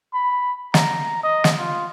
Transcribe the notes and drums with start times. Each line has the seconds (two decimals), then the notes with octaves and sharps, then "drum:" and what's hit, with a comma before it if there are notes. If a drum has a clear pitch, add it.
0.14 B5
0.74 A#5, drum: snare
1.23 D#5
1.44 drum: snare
1.58 F4